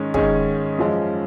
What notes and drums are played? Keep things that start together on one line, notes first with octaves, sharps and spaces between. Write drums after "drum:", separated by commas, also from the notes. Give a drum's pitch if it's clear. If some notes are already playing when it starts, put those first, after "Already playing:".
Already playing: G#2 D#3 G#3 C#4
G#2 D#3 G#3 C#4 G#4, drum: kick
F#2 F3 G#3 C#4